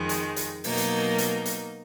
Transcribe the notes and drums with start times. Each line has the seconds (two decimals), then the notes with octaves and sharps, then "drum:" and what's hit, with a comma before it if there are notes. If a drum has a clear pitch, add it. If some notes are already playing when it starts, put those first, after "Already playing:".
Already playing: F2 D#3 G#3
0.09 drum: hi-hat
0.36 drum: hi-hat
0.64 B2 F#3 A#3 D#4 A#4, drum: open hi-hat
0.77 drum: hi-hat
1.18 drum: hi-hat
1.46 drum: hi-hat